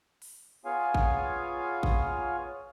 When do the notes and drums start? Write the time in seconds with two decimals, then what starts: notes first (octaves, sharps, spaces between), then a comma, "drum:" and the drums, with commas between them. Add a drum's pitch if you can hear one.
0.22 drum: open hi-hat
0.65 B3 F4 G#4 C#5 F5 G#5
0.94 drum: kick A1
1.83 drum: kick A1